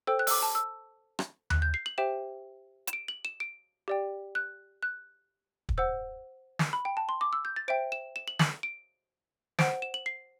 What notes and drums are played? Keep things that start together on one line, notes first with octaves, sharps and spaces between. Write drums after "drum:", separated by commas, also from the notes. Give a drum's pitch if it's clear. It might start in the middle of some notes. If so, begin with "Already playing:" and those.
A4 C5 G5 E6
F#6
E6, drum: open hi-hat
D6
A5
E6
drum: rim click
F#6, drum: tom D#2
G6
C7
F#7
G4 C5 E5 G5 E7
E7, drum: hi-hat
D7
F#7
E7
D7
G4 D5 G5
F#6
F#6
drum: kick
C5 F#5 E6
drum: snare
B5
G5
A5
C6
D6
E6
G6
A6
C5 E5 G5 D7
E7
E7
F#7
F#7, drum: snare
D7
C5 F#5 D7, drum: snare
E7
F#7
C7